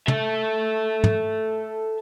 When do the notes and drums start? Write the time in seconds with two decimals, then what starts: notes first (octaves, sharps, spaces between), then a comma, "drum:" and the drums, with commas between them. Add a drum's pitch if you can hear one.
0.08 A4 E5, drum: tom
1.04 drum: tom G#2